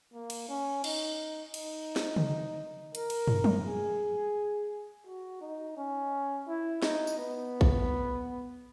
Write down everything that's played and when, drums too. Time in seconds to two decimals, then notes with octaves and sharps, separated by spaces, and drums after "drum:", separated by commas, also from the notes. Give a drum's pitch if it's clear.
0.13 A#3
0.30 drum: cymbal
0.48 C#4
0.84 D#4, drum: cymbal
1.54 D#4, drum: cymbal
1.96 drum: snare
2.16 drum: tom
2.95 A#4, drum: hi-hat
3.10 drum: cymbal
3.28 drum: tom
3.44 drum: tom
3.66 G#4
5.06 F#4
5.41 D#4
5.77 C#4
6.47 E4
6.83 D#4, drum: snare
7.07 drum: tambourine
7.18 B3
7.61 drum: kick